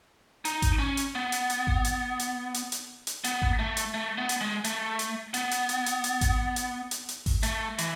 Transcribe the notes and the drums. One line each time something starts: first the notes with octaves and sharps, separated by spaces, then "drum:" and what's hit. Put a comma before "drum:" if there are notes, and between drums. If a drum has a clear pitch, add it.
D#4, drum: hi-hat
drum: kick G#1, hi-hat
C#4
drum: hi-hat
B3
drum: hi-hat
drum: hi-hat
drum: kick G#1
drum: hi-hat
drum: hi-hat
drum: hi-hat
drum: hi-hat
drum: hi-hat
B3, drum: hi-hat
drum: kick G#1
A3
drum: hi-hat
A3
B3
drum: hi-hat
G#3
A3, drum: hi-hat
drum: hi-hat
B3, drum: hi-hat
drum: hi-hat
drum: hi-hat
drum: hi-hat
drum: hi-hat
drum: kick G#1, hi-hat
drum: hi-hat
drum: hi-hat
drum: hi-hat
drum: kick G#1, open hi-hat
A3, drum: hi-hat
E3, drum: hi-hat